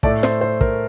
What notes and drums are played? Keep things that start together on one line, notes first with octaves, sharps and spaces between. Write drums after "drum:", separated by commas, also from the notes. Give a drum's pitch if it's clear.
A2 A3 D5, drum: kick
C5, drum: snare
C5
A#4, drum: kick